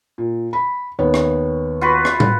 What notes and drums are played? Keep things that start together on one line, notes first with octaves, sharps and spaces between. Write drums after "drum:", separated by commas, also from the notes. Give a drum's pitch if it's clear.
A#2
B5
D#2 B3 C#5
drum: rim click
F4 F#4 B4
drum: rim click
drum: tom